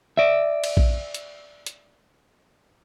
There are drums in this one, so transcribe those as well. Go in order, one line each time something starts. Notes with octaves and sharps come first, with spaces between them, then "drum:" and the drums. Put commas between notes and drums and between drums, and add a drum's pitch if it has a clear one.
D5 E5
drum: cymbal
drum: kick A#1
drum: hi-hat
drum: hi-hat